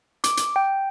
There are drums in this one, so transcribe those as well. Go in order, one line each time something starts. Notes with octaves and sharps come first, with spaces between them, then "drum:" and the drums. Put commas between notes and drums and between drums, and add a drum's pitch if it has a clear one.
D6, drum: hi-hat
drum: hi-hat
G5